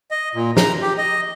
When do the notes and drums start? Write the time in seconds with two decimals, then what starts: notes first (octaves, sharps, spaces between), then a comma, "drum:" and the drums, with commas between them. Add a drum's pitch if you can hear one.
0.11 D#5
0.35 A#2
0.57 A#5, drum: snare
0.82 G4
0.98 D#5